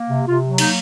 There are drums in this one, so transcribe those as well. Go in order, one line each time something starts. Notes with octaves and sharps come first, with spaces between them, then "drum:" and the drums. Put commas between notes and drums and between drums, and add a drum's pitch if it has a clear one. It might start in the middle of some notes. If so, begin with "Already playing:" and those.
Already playing: A#3
C3
C3 F4
F#3
A#3 D#4, drum: cymbal